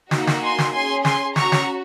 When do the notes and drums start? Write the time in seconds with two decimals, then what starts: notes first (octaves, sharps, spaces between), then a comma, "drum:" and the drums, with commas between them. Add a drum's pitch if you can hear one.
0.11 A#3 D#4 F#4, drum: snare
0.27 drum: snare
0.43 G#5 C6
0.58 drum: snare
0.74 C#4 G#4 G#5 C6
1.05 G#5 C6, drum: snare
1.36 C#4 F#4 A#5 C#6, drum: snare
1.52 drum: snare